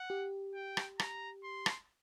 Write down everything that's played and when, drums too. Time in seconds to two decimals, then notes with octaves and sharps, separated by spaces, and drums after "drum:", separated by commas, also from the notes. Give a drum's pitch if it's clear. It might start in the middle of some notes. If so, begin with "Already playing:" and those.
Already playing: F#5
0.10 G4
0.55 G5
0.77 drum: rim click
0.99 A#5, drum: rim click
1.44 C6
1.66 drum: rim click